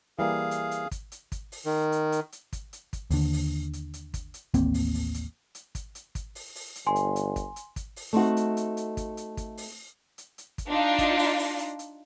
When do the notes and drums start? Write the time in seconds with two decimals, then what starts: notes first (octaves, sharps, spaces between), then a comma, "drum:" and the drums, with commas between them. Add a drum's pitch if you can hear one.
0.19 E3 G3 A#3 G#4 F5
0.51 drum: hi-hat
0.71 drum: hi-hat
0.91 drum: kick, hi-hat
1.12 drum: hi-hat
1.32 drum: kick, hi-hat
1.52 drum: open hi-hat
1.65 D#3
1.92 drum: hi-hat
2.12 drum: hi-hat
2.32 drum: hi-hat
2.53 drum: kick, hi-hat
2.73 drum: hi-hat
2.93 drum: kick, hi-hat
3.11 D#2 D3, drum: open hi-hat
3.33 drum: open hi-hat
3.73 drum: hi-hat
3.94 drum: hi-hat
4.14 drum: kick, hi-hat
4.34 drum: hi-hat
4.54 A1 D#2 A#3 C4, drum: kick, hi-hat
4.74 drum: open hi-hat
4.94 drum: open hi-hat
5.14 drum: hi-hat
5.55 drum: hi-hat
5.75 drum: kick, hi-hat
5.95 drum: hi-hat
6.15 drum: kick, hi-hat
6.35 drum: open hi-hat
6.55 drum: open hi-hat
6.76 drum: hi-hat
6.87 G1 G#5 C6
6.96 drum: hi-hat
7.16 drum: hi-hat
7.36 drum: kick, hi-hat
7.56 drum: hi-hat
7.76 drum: kick, hi-hat
7.96 drum: open hi-hat
8.13 A3 C4 D#4 F#4
8.37 drum: hi-hat
8.57 drum: hi-hat
8.77 drum: hi-hat
8.97 drum: kick, hi-hat
9.17 drum: hi-hat
9.37 drum: kick, hi-hat
9.57 drum: open hi-hat
10.18 drum: hi-hat
10.38 drum: hi-hat
10.58 drum: kick, hi-hat
10.68 D4 D#4 F4
10.98 drum: kick, hi-hat
11.19 drum: open hi-hat
11.39 drum: open hi-hat
11.59 drum: hi-hat
11.79 drum: hi-hat